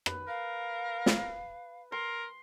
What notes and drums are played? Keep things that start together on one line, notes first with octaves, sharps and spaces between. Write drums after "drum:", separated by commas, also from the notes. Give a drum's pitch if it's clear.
B4, drum: rim click
A#4 F5
drum: snare
A#4 C6